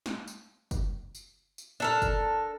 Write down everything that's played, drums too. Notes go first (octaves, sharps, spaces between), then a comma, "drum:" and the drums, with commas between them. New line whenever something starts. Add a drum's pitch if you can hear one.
drum: snare
drum: tambourine
drum: kick F#1, tambourine
drum: tambourine
drum: tambourine
D4 A4 A#4
drum: kick F#1, tambourine